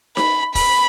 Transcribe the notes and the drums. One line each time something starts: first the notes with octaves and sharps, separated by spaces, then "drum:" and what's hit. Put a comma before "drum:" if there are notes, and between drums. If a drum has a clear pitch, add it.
B5, drum: snare D#4
B5, drum: kick E1, open hi-hat